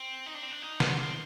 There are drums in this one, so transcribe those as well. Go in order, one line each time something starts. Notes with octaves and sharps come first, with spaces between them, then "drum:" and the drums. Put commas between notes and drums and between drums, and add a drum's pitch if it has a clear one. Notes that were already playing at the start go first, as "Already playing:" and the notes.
Already playing: C4
D#4
D4
C4
D4
D#4
F4, drum: snare
C4